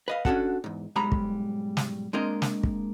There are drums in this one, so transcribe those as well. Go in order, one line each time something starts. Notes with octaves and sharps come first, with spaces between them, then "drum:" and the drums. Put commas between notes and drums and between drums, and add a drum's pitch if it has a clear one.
B4 D#5 F5
C#4 D4 E4 F#4 A4 F#5, drum: kick
E2 G#2
B1 G#2 G3 G#3 A#5 B5
drum: kick
drum: snare
G#3 A#3 C4 D4 A#4 D#5
drum: snare
drum: kick